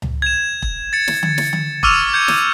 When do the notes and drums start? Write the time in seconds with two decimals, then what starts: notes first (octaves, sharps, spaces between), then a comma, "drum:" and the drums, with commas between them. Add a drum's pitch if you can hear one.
0.02 drum: tom C#2
0.22 G#6 E7
0.62 drum: kick E1
0.93 A6 C#7
1.08 drum: snare
1.23 drum: tom D3
1.38 drum: snare
1.53 drum: tom D3
1.83 C#6 D6 E6 F6 D#7 F7, drum: kick E1
2.14 G6 G#6 C#7
2.28 drum: snare